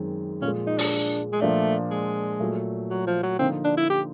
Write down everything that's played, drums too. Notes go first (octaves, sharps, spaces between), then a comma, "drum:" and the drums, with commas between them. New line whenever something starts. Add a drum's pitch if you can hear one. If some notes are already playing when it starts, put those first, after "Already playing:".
Already playing: F#2 D#3 G#3 C4
A#2 F3 G#3 C#4
D#4
D4, drum: open hi-hat
G#3
A#2 F3 A3 A#3 D4
G#3
A#2 F#3 A3
F#3
F3
F#3
D3 F3 A#3 C4 D#4
D4
E4
G4